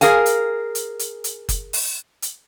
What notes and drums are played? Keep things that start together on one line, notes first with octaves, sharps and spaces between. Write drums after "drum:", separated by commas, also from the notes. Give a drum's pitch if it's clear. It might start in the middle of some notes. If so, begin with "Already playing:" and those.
G#4 A#4 F5 G#5, drum: hi-hat
drum: hi-hat
drum: hi-hat
drum: hi-hat
drum: hi-hat
drum: kick F#1, hi-hat
drum: open hi-hat
drum: hi-hat